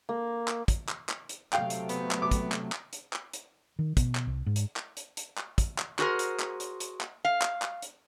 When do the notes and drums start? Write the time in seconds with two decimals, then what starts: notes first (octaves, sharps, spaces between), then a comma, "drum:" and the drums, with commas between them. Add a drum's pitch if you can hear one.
0.09 A#3
0.48 drum: clap
0.68 drum: kick, hi-hat
0.89 drum: clap
1.09 drum: clap
1.29 drum: hi-hat
1.53 C3 F#3 A3 F5 G5, drum: clap
1.70 drum: hi-hat
1.89 B3, drum: hi-hat
2.11 drum: clap
2.22 D6
2.31 drum: kick, hi-hat
2.52 drum: clap
2.72 drum: clap
2.93 drum: hi-hat
3.13 drum: clap
3.33 drum: hi-hat
3.79 D#3
3.97 B2, drum: kick, hi-hat
4.15 drum: clap
4.27 C2
4.46 G#2
4.56 drum: hi-hat
4.76 drum: clap
4.97 drum: hi-hat
5.17 drum: hi-hat
5.38 drum: clap
5.58 drum: kick, hi-hat
5.78 drum: clap
5.99 F#4 G#4 A#4 C5, drum: clap
6.19 drum: hi-hat
6.40 drum: clap
6.60 drum: hi-hat
6.80 drum: hi-hat
7.01 drum: clap
7.25 F5
7.42 drum: clap
7.62 drum: clap
7.82 drum: hi-hat